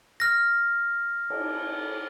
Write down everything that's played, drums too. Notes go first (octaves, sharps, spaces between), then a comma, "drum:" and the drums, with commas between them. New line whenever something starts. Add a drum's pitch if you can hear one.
F6 A#6
drum: cymbal